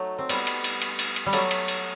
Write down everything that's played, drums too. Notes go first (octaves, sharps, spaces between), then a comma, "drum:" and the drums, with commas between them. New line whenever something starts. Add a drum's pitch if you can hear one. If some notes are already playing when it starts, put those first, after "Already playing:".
Already playing: F#3 A3 D#4
C4
G3 B3, drum: cymbal
drum: cymbal
drum: cymbal
drum: cymbal
drum: cymbal
drum: cymbal
G3
F#3 A3, drum: cymbal
drum: cymbal
drum: cymbal